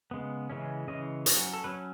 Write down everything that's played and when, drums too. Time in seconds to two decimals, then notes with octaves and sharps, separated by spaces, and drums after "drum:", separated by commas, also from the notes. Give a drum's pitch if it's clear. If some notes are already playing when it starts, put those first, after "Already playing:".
0.11 C#3 G#3 B3
0.50 C#3 E3 G#3 C#4
0.88 C#3 E3 G#3 C#4 D#5
1.26 F#3 C#4 C#5, drum: hi-hat
1.54 A4
1.64 F#3 C#4 B4